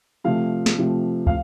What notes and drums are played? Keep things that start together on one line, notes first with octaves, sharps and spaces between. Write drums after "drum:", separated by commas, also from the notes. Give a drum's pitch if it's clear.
C3 F3 A3 F5
drum: snare
C3 F3 A3
F5, drum: kick